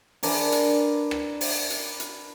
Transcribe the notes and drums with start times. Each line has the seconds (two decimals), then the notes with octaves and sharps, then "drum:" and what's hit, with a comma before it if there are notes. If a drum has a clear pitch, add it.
0.23 D4 A#4 B4 G#5, drum: open hi-hat
0.52 drum: hi-hat
1.11 drum: rim click
1.41 drum: open hi-hat
1.70 drum: hi-hat
2.00 drum: hi-hat